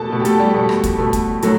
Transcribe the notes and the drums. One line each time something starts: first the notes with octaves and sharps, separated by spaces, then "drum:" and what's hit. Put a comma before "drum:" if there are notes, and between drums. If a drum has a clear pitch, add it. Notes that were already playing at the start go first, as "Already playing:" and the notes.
Already playing: B2 A3 G4 A4 A5
B2 A3
G4
A3 A4, drum: hi-hat
G3 G4
B2 G3 A3 G4
drum: rim click
drum: kick, hi-hat
B2 A3
drum: kick, hi-hat
A2 F#3 A3, drum: hi-hat